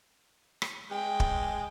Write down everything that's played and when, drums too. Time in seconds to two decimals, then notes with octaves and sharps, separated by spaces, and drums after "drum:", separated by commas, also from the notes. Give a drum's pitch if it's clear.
0.62 drum: rim click
0.91 G#3 G5
1.20 drum: kick